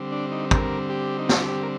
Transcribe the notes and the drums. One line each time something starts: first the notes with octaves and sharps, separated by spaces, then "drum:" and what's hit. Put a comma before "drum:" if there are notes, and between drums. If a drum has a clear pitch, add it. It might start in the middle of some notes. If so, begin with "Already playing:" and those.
Already playing: D3 G3 C4
D4
D#4
A#4, drum: kick
G4
D#4
F4, drum: snare
G4
A#4